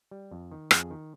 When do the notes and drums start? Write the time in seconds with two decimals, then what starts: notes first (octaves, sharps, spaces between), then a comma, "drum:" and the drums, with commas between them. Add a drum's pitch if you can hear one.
0.11 G3
0.31 F2
0.51 D#3
0.71 F2 G#4, drum: rim click
0.90 D#3